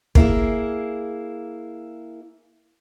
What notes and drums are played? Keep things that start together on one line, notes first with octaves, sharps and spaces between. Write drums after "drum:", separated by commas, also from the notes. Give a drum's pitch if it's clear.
A#3 E4 G#4, drum: kick